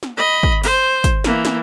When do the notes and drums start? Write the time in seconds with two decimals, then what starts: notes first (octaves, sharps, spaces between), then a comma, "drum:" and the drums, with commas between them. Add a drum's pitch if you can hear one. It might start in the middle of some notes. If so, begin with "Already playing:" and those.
0.03 drum: snare
0.17 D#5 B5
0.43 drum: kick
0.64 C5, drum: open hi-hat
1.04 drum: kick, hi-hat
1.24 E3 A#3, drum: snare
1.45 drum: snare